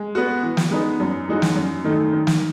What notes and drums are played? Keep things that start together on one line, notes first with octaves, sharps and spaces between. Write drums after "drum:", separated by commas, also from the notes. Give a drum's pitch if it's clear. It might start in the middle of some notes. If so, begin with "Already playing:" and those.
Already playing: G#3
B3 F#4
E3
drum: snare
G#3 B3 D#4
F#2
E3 G#3 D#4 F#4
drum: snare
F#2
D#3 A3 D#4 A4
D#3
drum: snare